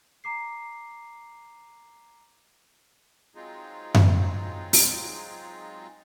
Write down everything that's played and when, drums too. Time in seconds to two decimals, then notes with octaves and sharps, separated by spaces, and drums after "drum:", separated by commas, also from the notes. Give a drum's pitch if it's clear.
0.24 A#5 D6 C7
3.35 F#3 G#3 C4 D#4 F4 G#4
3.94 drum: tom F#2
4.73 drum: open hi-hat